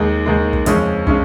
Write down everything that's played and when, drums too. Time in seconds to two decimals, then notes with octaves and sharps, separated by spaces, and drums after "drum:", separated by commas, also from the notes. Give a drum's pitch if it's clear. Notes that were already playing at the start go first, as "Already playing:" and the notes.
Already playing: D#2 D#3 G#3
0.26 D#2 D#3 G#3
0.53 drum: kick
0.66 F2 C#3 G#3 C#4, drum: hi-hat
1.07 C#3 G#3 C#4, drum: kick